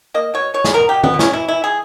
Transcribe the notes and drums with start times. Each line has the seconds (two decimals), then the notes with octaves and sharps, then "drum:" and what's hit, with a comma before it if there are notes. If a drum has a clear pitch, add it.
0.14 A#3 D#5
0.34 B2 C#5
0.54 B2 C#5
0.64 G#4, drum: snare
0.74 B3 A#4
0.89 B2 G4
1.04 B3, drum: tom
1.14 B2
1.19 C#4, drum: snare
1.33 E3 E4
1.48 E4
1.53 E3
1.64 G#4